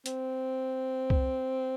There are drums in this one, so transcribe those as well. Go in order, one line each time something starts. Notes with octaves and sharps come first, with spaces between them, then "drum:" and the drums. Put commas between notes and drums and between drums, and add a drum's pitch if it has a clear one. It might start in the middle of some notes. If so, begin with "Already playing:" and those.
C4, drum: hi-hat
drum: kick C2